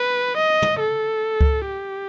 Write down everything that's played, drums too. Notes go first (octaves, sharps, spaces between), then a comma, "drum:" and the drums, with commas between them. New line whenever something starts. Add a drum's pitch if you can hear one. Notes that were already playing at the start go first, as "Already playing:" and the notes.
Already playing: B4
D#5
drum: tom
A4
drum: kick C#2
G4